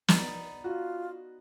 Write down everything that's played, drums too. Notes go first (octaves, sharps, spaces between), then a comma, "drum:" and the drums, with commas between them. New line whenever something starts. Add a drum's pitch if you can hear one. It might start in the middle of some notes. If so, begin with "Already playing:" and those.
B3 D#4 D5, drum: snare
F4 F#4